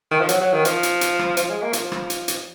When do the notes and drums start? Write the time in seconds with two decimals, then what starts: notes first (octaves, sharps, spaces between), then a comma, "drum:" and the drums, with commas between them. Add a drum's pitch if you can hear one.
0.11 D#3
0.20 F3
0.29 F#3, drum: hi-hat
0.41 F#3
0.53 D#3
0.65 F3, drum: hi-hat
0.83 drum: hi-hat
1.01 drum: hi-hat
1.19 drum: rim click
1.37 F3, drum: hi-hat
1.50 G#3
1.62 A#3
1.73 F3, drum: hi-hat
1.92 drum: rim click
2.10 drum: hi-hat
2.28 drum: hi-hat